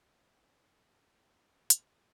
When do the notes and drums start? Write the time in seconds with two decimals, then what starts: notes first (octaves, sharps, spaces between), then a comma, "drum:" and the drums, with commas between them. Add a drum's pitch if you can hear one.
0.21 G#5 C#6
1.05 G6
1.70 C5, drum: hi-hat